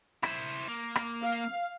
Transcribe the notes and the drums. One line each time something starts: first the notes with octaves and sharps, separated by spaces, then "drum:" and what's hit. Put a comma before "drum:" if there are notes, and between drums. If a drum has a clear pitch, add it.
E4 C5, drum: rim click
A#3
drum: rim click
F5
drum: hi-hat